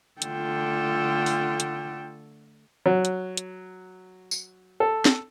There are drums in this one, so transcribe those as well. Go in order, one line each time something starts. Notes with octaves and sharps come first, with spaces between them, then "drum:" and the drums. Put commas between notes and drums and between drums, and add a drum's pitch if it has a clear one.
D3 A3 F4 A4 G5, drum: hi-hat
drum: open hi-hat
drum: hi-hat
F#3
drum: hi-hat
drum: hi-hat
drum: tambourine
A4
drum: snare